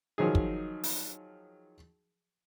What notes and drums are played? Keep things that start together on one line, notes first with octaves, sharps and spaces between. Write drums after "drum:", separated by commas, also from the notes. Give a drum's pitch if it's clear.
D#3 F3 F#3 D#4 G#4
drum: kick
drum: open hi-hat